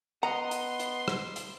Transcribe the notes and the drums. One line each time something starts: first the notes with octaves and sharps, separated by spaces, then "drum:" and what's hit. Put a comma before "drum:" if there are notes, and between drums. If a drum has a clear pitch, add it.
B3 D#5 F#5 A#5 C6
drum: hi-hat
drum: hi-hat
drum: rim click
drum: hi-hat